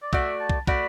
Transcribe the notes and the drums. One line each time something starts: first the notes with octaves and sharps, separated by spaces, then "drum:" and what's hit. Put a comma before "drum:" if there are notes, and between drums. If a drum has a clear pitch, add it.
D5
A3 F#4 D5 E5, drum: kick
A5
drum: kick
A3 F#4 D5 B5, drum: kick